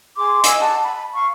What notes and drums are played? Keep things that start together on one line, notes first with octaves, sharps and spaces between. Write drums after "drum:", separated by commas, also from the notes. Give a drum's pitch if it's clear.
G#4 C6 D6
D#5 G#5 D6 E6, drum: hi-hat
F#5 A5
B5
F5 C#6